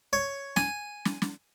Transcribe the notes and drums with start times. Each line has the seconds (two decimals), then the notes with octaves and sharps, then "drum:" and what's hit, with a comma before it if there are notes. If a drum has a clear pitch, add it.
0.13 C#5
0.56 G#5, drum: snare
1.05 drum: snare
1.22 drum: snare